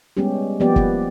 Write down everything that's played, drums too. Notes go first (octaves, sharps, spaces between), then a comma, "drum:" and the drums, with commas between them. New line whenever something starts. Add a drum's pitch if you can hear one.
G3 G#3 B3 C#4 G4
F3 A#3 B3 G4 D5
B4, drum: kick